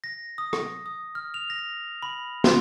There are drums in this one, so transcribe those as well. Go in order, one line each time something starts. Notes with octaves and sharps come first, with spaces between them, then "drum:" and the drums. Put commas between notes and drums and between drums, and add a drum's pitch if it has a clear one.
A#6
D#6
drum: rim click
D#6
F6
F7
A#6
B5
C6, drum: snare